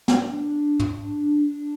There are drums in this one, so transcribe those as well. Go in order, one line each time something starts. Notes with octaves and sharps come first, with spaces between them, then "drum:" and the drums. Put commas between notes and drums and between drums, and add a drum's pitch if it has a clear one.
drum: snare
D4
drum: tom